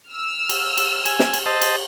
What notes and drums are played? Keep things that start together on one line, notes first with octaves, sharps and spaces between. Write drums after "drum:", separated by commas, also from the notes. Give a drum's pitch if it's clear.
E6 F6
drum: cymbal
drum: cymbal
G#5, drum: cymbal
drum: snare
drum: cymbal
C5 D#5 A5
drum: cymbal